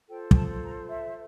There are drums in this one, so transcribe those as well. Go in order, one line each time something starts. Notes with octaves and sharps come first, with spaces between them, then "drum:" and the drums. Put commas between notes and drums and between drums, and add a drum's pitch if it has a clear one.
F4 A4 C5 G5
G5, drum: kick
A5
A#5
E5